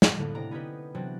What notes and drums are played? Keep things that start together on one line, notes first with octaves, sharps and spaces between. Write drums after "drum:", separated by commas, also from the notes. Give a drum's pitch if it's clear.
drum: snare
A2 D3 A#3 B3
C3 D4 D5 A#5
B3 C#4 D#4 G4 B4
C3 E3 F#3 C4 D4 F#4